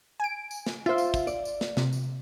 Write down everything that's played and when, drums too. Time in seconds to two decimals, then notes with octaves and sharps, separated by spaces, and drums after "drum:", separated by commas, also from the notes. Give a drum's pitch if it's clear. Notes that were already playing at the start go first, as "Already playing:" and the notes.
0.20 G#5 D7
0.51 drum: tambourine
0.66 drum: snare
0.86 F4 C5 E5 F5
0.98 drum: tambourine
1.14 drum: kick, tambourine
1.27 D5, drum: tambourine
1.45 drum: tambourine
1.61 drum: snare
1.77 C3, drum: snare
1.93 drum: tambourine